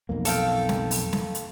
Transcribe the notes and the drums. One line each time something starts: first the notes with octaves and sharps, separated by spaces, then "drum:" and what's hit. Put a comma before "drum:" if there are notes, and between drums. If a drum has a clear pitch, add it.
B1 F2 A#3
A4 F5 G5, drum: open hi-hat
drum: snare
drum: open hi-hat
drum: snare
drum: hi-hat